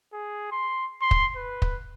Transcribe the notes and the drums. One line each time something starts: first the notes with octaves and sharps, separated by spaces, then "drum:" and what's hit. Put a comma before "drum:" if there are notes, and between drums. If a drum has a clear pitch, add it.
G#4
C6
C6
drum: kick
B4
drum: kick